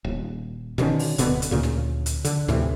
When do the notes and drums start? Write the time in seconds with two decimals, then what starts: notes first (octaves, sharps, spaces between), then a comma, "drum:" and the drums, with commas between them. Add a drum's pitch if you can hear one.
0.04 D#1
0.78 B2 D3 D#3 C#4, drum: snare
0.99 drum: open hi-hat
1.18 D1 B2 D3 B3, drum: hi-hat
1.42 drum: hi-hat
1.51 D2 A#2 C#3
1.63 drum: snare
2.06 drum: hi-hat
2.24 D3, drum: hi-hat
2.48 D2 A2 C3 E3, drum: snare